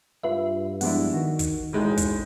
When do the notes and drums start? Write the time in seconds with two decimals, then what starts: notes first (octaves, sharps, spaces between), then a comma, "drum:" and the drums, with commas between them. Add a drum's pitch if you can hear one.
0.23 G2 F4 B4 E5
0.81 F3 G#3 B3 D4 E4 F#5, drum: open hi-hat
1.13 D#3 F#4
1.39 drum: kick, hi-hat
1.73 E1 A2 G#3 D#4
1.97 drum: kick, hi-hat